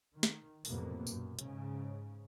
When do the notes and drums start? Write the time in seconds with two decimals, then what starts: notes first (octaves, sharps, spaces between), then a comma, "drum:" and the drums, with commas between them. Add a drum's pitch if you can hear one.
0.13 D#3
0.23 drum: snare
0.65 B1 F2 A2 C3 A#3 B3, drum: open hi-hat
1.07 F#2 A#2, drum: tambourine
1.39 G#2 C#3, drum: hi-hat